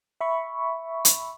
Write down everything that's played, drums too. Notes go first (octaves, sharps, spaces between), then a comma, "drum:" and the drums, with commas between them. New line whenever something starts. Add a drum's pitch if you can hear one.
E5 B5 C#6
drum: hi-hat